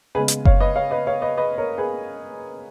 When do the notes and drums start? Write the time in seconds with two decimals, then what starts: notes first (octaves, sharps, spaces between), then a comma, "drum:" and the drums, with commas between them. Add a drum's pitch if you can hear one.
0.15 C#3 G#3 B3 G#4 B4
0.28 drum: hi-hat
0.45 C#5 F5, drum: kick F#1
0.60 B4 D#5
0.75 C#5 F5
0.91 B4 D#5
1.07 C#5 F5
1.22 B4 D#5
1.37 B4 D#5
1.58 A#4 C#5
1.78 G#4 B4